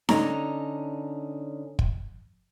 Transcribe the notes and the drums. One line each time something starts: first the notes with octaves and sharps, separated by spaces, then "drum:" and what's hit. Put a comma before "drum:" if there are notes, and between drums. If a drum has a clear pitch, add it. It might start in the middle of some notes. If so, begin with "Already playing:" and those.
D3 C#4 D#4 A#5, drum: snare D#4
drum: kick